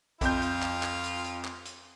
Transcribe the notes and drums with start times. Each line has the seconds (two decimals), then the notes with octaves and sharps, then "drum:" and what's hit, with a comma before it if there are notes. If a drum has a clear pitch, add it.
0.21 F2 F4 G6, drum: kick, hi-hat
0.42 drum: hi-hat
0.62 drum: clap
0.83 drum: clap
1.04 drum: hi-hat
1.24 drum: hi-hat
1.45 drum: clap
1.65 drum: hi-hat